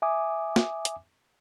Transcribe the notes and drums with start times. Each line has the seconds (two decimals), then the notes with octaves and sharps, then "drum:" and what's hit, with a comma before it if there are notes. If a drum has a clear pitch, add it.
0.02 E5 G#5 D6 D#6
0.56 drum: snare
0.85 drum: hi-hat